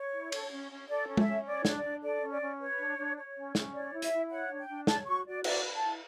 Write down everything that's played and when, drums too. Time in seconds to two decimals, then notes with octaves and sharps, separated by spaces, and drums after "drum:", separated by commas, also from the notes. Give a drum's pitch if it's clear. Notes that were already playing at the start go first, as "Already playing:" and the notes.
Already playing: C#5
0.13 E4
0.32 A4, drum: cymbal
0.51 C#4
0.70 C#4
0.89 A4 D5
1.08 C#4
1.17 E5, drum: tom
1.27 C#4
1.46 C#5 D5
1.65 D4, drum: snare
1.75 D5
1.84 D4
2.03 A4 D5
2.21 C#4
2.32 D5
2.41 C#4
2.60 B4 C#5
2.79 D4
2.97 D4
3.17 C#5
3.36 C#4
3.55 C#4, drum: snare
3.74 C#5 D5
3.93 E4
4.02 E5, drum: hi-hat
4.12 E4
4.30 C#5 F#5
4.50 D4
4.59 G5
4.68 D4
4.87 C#5 A5, drum: snare
5.06 F#4 C#6
5.26 F#4 D5
5.44 E4 D5, drum: cymbal
5.64 B4
5.73 A5
5.83 E4